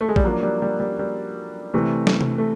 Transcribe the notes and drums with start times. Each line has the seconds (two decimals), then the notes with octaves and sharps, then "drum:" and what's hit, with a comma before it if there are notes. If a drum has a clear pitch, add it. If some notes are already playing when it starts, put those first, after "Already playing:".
0.01 A3
0.09 G#3
0.16 G3, drum: kick
0.24 F3 F#3 A#3 D4
0.43 G3
0.62 G3
0.80 G3
0.99 G3
1.74 C3 E3 A3
2.07 drum: snare
2.21 drum: tom C3
2.38 A3